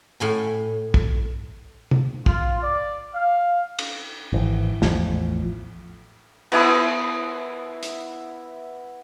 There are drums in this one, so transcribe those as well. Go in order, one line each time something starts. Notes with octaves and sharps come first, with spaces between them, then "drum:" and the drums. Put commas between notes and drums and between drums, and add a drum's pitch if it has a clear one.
A2 G#5 B5
drum: kick
drum: tom C3
F4, drum: kick
D5
F5
drum: cymbal
G#1 D#3 E3
A1 E2 A2 F3, drum: snare
B3 E4 D#6, drum: cymbal
drum: hi-hat